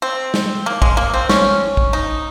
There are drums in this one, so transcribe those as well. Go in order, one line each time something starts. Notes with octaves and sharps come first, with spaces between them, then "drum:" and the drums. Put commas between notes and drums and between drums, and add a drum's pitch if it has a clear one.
C4
drum: snare
A#3
G#3, drum: kick
A#3
C4
C#4, drum: snare
drum: kick
D#4